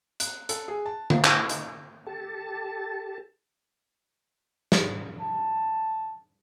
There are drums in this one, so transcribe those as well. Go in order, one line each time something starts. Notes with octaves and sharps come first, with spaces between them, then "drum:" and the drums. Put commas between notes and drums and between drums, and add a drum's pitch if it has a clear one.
F#6, drum: hi-hat
A4, drum: hi-hat
G#4
A5
F4, drum: tom D3
E4, drum: clap
D#4, drum: hi-hat
G4 A4 A5
drum: snare
A5